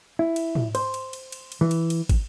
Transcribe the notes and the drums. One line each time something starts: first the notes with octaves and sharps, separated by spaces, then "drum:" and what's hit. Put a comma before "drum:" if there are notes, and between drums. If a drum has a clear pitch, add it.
E4
drum: cymbal
drum: tom
C5, drum: cymbal
drum: cymbal
drum: cymbal
drum: cymbal
drum: cymbal
E3
drum: cymbal
drum: cymbal
drum: kick, cymbal